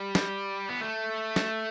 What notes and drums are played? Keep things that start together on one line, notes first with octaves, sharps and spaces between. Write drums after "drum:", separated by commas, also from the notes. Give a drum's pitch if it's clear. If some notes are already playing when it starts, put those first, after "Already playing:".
Already playing: G3
drum: snare
B3
A3
drum: snare